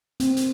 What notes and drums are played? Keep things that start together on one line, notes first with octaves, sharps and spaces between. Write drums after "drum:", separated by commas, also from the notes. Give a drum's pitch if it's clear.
A#3 C4, drum: hi-hat
drum: hi-hat